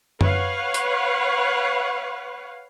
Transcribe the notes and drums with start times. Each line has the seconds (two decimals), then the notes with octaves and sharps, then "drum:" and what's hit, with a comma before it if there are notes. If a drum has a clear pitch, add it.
0.21 B4 C#5 F5 F#5, drum: tom F#2
0.74 drum: hi-hat